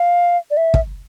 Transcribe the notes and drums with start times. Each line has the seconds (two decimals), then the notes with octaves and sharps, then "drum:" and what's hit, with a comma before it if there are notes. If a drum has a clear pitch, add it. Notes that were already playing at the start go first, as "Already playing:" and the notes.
Already playing: F5
0.51 D5
0.57 E5
0.74 drum: kick